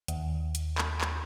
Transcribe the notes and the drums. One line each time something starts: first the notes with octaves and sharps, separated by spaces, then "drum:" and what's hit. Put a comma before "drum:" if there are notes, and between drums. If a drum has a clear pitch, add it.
D#2, drum: hi-hat
drum: hi-hat
drum: clap
drum: clap